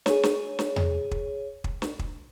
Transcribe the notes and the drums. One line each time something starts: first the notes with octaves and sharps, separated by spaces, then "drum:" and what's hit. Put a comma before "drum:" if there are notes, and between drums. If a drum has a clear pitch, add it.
G#4 C#5, drum: snare
drum: snare
drum: snare
drum: tom E2
drum: kick
drum: kick
drum: snare
drum: kick